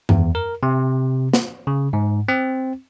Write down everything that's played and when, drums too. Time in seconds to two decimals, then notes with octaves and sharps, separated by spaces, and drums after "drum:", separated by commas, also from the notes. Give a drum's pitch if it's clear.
0.09 E2, drum: tom F#2
0.35 A#4
0.63 C3
1.33 drum: snare
1.67 C#3
1.93 G#2
2.28 C4